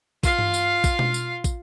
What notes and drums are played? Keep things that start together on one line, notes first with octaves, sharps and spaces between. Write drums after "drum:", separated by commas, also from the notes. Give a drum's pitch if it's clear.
F4 F5, drum: kick, tambourine
drum: tom G2
drum: tambourine
drum: kick, tambourine
drum: tom B2
drum: tambourine
drum: kick, tambourine